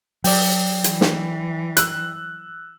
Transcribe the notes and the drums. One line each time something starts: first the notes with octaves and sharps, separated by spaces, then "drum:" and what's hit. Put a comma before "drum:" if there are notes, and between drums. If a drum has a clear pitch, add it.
F#3 D5 G5, drum: open hi-hat
E3, drum: hi-hat
drum: snare
E6 F#6, drum: hi-hat